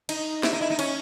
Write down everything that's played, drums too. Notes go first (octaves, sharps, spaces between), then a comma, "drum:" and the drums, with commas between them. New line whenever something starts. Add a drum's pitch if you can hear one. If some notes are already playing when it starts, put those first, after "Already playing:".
D#4, drum: cymbal
E4, drum: snare
D#4
E4
D#4
C#4, drum: cymbal